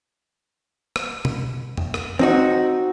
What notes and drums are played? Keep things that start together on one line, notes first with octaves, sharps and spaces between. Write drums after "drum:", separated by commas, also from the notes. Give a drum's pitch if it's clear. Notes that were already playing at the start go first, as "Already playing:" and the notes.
drum: rim click
drum: tom
drum: tom F2
drum: rim click
C4 D#4 F#4, drum: tom